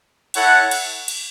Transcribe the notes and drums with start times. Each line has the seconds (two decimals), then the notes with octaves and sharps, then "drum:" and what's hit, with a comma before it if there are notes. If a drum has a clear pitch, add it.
0.34 E4 A4 C#5 F#5, drum: cymbal
0.71 drum: cymbal
1.08 drum: cymbal